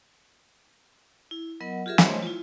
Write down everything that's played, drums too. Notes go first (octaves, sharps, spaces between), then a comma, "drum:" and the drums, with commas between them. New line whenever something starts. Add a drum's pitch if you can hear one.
E4
F#3 B3 A#4 D#5 F#5
F4 G4 G#4 A#4 E5
A3 C5 C#5 D#5 B5 C6, drum: snare
E4 F4